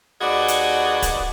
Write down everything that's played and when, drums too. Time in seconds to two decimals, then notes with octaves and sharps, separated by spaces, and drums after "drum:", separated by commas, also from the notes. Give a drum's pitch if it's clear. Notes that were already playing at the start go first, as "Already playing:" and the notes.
0.21 D#2 F#4 G#4 B4 D5 D#5
0.48 drum: hi-hat
1.02 drum: kick, hi-hat